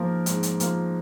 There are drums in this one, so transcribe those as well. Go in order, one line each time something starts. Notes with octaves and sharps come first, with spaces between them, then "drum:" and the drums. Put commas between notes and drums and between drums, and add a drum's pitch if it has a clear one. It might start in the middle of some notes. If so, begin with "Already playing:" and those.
Already playing: G#2 F3 A#3 F4 A#4
G#2, drum: hi-hat
drum: hi-hat
F3 A#3 F4, drum: hi-hat